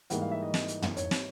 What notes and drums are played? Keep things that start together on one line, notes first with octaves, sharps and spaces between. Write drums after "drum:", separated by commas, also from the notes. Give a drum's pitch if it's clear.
G#2 E3 G3 A#3 F#5, drum: hi-hat
F5
E5
D#5
drum: snare
drum: hi-hat
drum: tom
C#5, drum: hi-hat
drum: snare